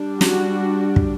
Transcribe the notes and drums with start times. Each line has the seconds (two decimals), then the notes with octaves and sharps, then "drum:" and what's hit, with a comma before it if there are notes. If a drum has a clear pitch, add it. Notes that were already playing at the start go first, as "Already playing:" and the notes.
Already playing: G3 D4
0.21 F#4, drum: snare
0.96 drum: kick